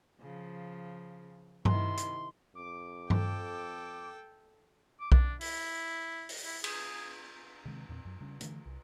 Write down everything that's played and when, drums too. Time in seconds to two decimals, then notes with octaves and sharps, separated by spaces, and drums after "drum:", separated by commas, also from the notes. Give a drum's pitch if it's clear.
0.21 C#3 F3
1.65 C3 D#3 E4 C6, drum: tom G2
1.97 drum: hi-hat
2.55 F2 D6
3.10 A4 G5, drum: tom G2
5.00 D6
5.12 D4, drum: kick B1
5.41 E4, drum: open hi-hat
6.29 drum: open hi-hat
6.44 E4
6.64 G#4, drum: cymbal
7.65 C3 D#3 G#3 C4
7.89 E2 A#2 A3 C4
8.05 F#2 F#3
8.21 C#3 G3 C#4
8.41 D3 E3 A3, drum: hi-hat
8.66 C2